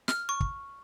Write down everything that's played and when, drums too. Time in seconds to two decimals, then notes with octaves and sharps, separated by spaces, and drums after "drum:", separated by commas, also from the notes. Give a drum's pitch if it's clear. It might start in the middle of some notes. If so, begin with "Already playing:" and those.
0.08 F6, drum: snare
0.29 C#6
0.40 drum: kick